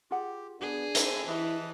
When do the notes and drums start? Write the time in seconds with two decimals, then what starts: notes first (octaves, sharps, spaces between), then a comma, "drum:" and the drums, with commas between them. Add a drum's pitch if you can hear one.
0.11 F4 G4 G#4 F#5
0.61 B3 D4 F#4 G#4 B4
0.95 C4 C#4 E4 A4 A#4, drum: hi-hat
1.28 E3 E4 G4 G#4 D#5 A5 F#6